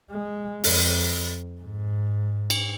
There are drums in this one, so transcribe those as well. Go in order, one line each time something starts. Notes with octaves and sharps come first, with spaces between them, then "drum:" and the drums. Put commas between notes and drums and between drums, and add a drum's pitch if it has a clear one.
G#3
F2, drum: open hi-hat
G#2
drum: cymbal